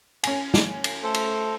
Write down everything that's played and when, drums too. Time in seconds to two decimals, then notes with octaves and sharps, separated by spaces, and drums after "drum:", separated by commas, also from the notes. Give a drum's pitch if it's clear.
0.23 C#4 G#5, drum: cymbal
0.54 drum: snare
0.84 drum: cymbal
1.04 A3 A4 C5
1.14 drum: cymbal